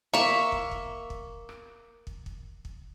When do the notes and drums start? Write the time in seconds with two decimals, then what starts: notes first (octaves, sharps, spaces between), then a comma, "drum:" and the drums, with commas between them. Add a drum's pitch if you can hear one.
0.14 A#3 E5 C#6
0.52 drum: kick
0.71 drum: kick
1.10 drum: kick
1.49 drum: rim click
2.07 drum: kick
2.26 drum: kick
2.65 drum: kick